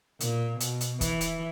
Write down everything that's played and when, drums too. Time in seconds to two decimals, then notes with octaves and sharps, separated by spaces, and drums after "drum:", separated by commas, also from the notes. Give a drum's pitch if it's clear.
0.20 A#2, drum: hi-hat
0.60 B2, drum: hi-hat
0.81 drum: hi-hat
1.01 E3, drum: kick, hi-hat
1.21 drum: hi-hat